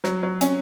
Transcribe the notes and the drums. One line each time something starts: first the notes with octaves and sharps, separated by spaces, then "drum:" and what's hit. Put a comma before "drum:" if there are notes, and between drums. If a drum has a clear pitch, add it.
F#3, drum: snare
F#3
C#4, drum: hi-hat